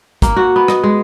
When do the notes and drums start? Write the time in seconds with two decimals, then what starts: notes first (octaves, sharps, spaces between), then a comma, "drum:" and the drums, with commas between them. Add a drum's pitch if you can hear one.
0.22 A#3, drum: kick, hi-hat
0.36 F#4
0.56 B3
0.68 D#5, drum: rim click
0.83 G#3